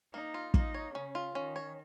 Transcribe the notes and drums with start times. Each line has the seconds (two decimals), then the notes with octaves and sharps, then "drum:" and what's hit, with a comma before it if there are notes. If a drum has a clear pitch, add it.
0.13 A#3 D#4
0.34 F4
0.54 A#3 D#4, drum: kick
0.74 C#5
0.95 C#3 C#4
1.15 F4
1.35 D#3 C#4
1.56 C#5